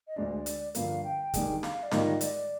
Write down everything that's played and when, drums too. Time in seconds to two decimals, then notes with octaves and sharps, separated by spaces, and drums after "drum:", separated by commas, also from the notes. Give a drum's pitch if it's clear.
0.08 D#5
0.16 D2 D3 G#3 D4 D5
0.46 drum: hi-hat
0.75 G2 D3 F3 A#3 F5, drum: hi-hat
1.04 G5
1.34 D#3 G3 D4 G#4, drum: kick, hi-hat
1.63 F5, drum: snare
1.83 D5
1.91 G#2 D#3 G3 A#3 F4 D#5, drum: snare
2.21 D5, drum: hi-hat